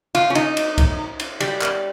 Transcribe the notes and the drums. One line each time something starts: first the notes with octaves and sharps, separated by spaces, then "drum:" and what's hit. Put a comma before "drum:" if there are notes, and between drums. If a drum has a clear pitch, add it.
F4, drum: cymbal
C#4
D#4, drum: cymbal
drum: cymbal
drum: kick C2, cymbal
drum: cymbal
G3, drum: cymbal
drum: clap